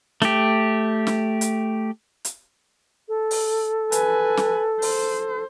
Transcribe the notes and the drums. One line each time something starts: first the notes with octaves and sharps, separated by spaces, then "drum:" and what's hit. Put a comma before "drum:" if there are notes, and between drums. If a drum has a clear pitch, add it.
A3 G4, drum: snare
drum: snare
drum: hi-hat
drum: hi-hat
A4
drum: open hi-hat
B4 G#5, drum: hi-hat
drum: snare
C5, drum: open hi-hat